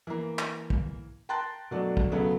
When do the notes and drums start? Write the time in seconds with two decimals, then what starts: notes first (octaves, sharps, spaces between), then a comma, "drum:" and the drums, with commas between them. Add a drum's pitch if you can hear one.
0.07 E3 A#3
0.39 drum: clap
0.70 drum: kick
1.29 G5 A5 A#5 C6 F#6 A6
1.71 B2 F#3 A3 D4
1.97 drum: kick
2.12 C#3 F#3 A3 B3